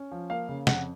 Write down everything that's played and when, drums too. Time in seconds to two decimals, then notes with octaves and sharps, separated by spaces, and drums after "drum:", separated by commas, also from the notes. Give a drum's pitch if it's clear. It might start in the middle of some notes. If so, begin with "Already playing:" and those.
Already playing: C#4
0.12 F3
0.30 A#3 F5
0.49 C#3
0.67 F2 F#5, drum: snare